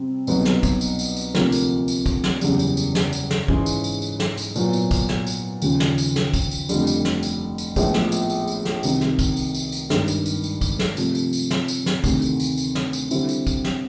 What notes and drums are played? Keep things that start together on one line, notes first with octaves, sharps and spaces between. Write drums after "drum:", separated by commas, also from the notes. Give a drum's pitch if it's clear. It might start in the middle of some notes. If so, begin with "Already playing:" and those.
Already playing: C3 G3 C4
C2 B2 F#3 B3 D#4, drum: tambourine
drum: snare
drum: kick, tambourine
drum: tambourine
drum: tambourine
drum: tambourine
D2 C3 F3 A#3, drum: snare
drum: tambourine
drum: tambourine
drum: kick, tambourine
drum: snare
F#1 E2 C#3 E3 G3, drum: tambourine
drum: tambourine
drum: tambourine
drum: snare
drum: tambourine
drum: snare
G#2 E3 G#3 C#4, drum: kick
drum: tambourine
drum: tambourine
drum: tambourine
drum: snare
drum: tambourine
A#2 F#3 B3 E4, drum: tambourine
drum: tambourine
drum: kick, tambourine
drum: snare
drum: tambourine
D#2 C#3 F3, drum: tambourine
drum: snare
drum: tambourine
drum: snare
drum: kick, tambourine
drum: tambourine
F1 F2 D3 G3, drum: tambourine
drum: tambourine
drum: snare
drum: tambourine
drum: tambourine
A#1 A2 F3 G#3 B3, drum: kick, tambourine
drum: snare
drum: tambourine
drum: tambourine
drum: tambourine
drum: snare
C2 C3 D#3, drum: tambourine
drum: snare
drum: kick, tambourine
drum: tambourine
drum: tambourine
drum: tambourine
G#1 G2 D#3, drum: snare
drum: tambourine
drum: tambourine
drum: tambourine
drum: kick, tambourine
drum: snare
C3 F3 A3, drum: tambourine
drum: tambourine
drum: tambourine
drum: snare
drum: tambourine
drum: snare
D2 C3 D#3, drum: kick, tambourine
drum: tambourine
drum: tambourine
drum: tambourine
drum: snare
drum: tambourine
D3 G3 C4 E4, drum: tambourine
drum: tambourine
drum: kick, tambourine
drum: snare